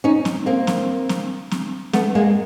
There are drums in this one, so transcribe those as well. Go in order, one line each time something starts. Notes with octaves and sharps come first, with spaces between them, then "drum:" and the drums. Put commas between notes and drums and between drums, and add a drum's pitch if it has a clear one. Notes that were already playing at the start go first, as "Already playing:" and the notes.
C#4 D#4
drum: snare C4
A#3 C4
drum: snare C4
drum: snare C4
drum: snare C4
A3 B3, drum: snare C4
G#3 A#3